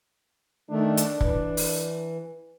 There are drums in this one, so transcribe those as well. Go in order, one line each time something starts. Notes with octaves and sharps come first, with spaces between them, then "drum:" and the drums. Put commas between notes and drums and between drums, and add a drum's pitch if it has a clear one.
D#3 A3 D4
drum: hi-hat
E3, drum: kick
drum: open hi-hat